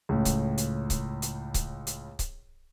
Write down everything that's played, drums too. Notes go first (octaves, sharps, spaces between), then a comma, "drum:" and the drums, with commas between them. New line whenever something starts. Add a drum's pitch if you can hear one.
C#2 A2
drum: kick C#1, hi-hat
drum: hi-hat
drum: kick C#1, hi-hat
drum: hi-hat
drum: kick C#1, hi-hat
drum: hi-hat
drum: kick C#1, hi-hat